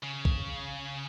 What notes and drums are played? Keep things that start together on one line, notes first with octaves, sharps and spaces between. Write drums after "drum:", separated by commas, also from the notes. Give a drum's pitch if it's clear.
C#3
drum: kick B1